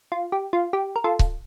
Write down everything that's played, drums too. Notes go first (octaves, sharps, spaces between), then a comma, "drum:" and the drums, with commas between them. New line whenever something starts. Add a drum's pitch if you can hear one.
F4
G4
F4
G4
A#4
F4 A4
drum: kick C#1